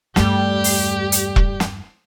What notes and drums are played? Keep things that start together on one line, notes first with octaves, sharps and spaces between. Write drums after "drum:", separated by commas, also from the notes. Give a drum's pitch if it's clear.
E2 G2 G3 A3 G4, drum: snare
drum: open hi-hat
drum: hi-hat
drum: kick E1
drum: snare